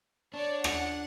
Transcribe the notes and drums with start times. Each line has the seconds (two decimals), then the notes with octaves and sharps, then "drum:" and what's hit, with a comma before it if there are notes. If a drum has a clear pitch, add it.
0.34 D4 C#5 D5
0.64 F#5, drum: rim click